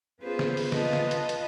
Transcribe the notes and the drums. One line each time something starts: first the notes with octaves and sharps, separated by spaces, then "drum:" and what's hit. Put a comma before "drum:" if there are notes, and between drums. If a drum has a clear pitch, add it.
B3 C#4 F4 G#4 B4 C5
drum: snare
drum: open hi-hat
F4 B4 D#5 F5 A5, drum: snare
drum: snare
drum: hi-hat
drum: hi-hat